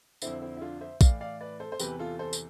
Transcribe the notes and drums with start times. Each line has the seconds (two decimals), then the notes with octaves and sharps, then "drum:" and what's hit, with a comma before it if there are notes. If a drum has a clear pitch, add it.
0.22 F2 D3 C4 E4, drum: tambourine
0.42 C4 E4
0.57 E4
0.61 D4 F4
0.81 C5 E5
1.01 A2 E3 D5 F5, drum: kick A#1, tambourine
1.21 D5 F5
1.40 B4 D5
1.60 A4 C5
1.72 C5
1.80 E2 C3 E3 G4 B4, drum: tambourine
1.99 F4 A4
2.19 A4 C5
2.33 drum: tambourine